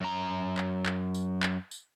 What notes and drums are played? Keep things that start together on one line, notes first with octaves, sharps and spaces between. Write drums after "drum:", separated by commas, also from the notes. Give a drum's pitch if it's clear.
F#2 A#5
drum: clap
drum: clap
drum: tambourine
drum: clap
drum: tambourine